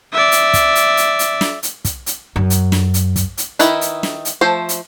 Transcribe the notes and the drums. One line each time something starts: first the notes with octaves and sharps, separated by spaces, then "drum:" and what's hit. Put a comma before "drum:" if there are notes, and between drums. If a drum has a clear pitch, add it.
D5 E5
drum: hi-hat
drum: kick, hi-hat
drum: hi-hat
drum: hi-hat
drum: hi-hat
drum: snare
drum: hi-hat
drum: kick, hi-hat
drum: hi-hat
F#2
drum: hi-hat
drum: snare
drum: hi-hat
drum: kick, hi-hat
drum: hi-hat
D#3 D#4 E4 B4, drum: hi-hat
drum: hi-hat
drum: snare
drum: hi-hat
F3 A3 C5
drum: hi-hat